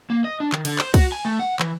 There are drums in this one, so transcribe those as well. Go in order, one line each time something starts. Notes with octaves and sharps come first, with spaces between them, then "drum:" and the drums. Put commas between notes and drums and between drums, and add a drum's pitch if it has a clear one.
A#3
D#5
D4
D#3, drum: clap
D3, drum: cymbal
C5, drum: clap
F#4, drum: kick, cymbal
G#5
A3
F#5
E3, drum: clap